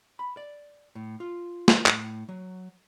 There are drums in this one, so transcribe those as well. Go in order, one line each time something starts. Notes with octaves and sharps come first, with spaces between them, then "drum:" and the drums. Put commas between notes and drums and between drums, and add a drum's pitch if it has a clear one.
B5
D5
A2
F4
drum: snare
A2, drum: clap
F#3